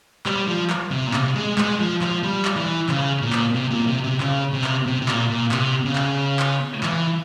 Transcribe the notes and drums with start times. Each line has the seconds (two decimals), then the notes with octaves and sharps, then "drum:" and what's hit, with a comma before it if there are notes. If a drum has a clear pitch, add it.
0.26 G3, drum: clap
0.48 F3
0.70 drum: clap
0.91 C3
1.07 A#2
1.14 C3, drum: clap
1.36 G#3
1.58 G#3, drum: clap
1.80 F3
2.02 F3, drum: clap
2.23 G3
2.45 drum: clap
2.56 E3
2.89 C#3, drum: clap
3.22 A#2
3.33 drum: clap
3.55 C3
3.71 A#2
3.87 C3
4.04 C3
4.20 C#3, drum: clap
4.53 C3
4.64 drum: clap
4.86 C3
5.02 C3
5.08 A#2, drum: clap
5.30 A#2
5.51 C3, drum: clap
5.85 C#3
5.95 drum: clap
6.39 drum: clap
6.83 E3, drum: clap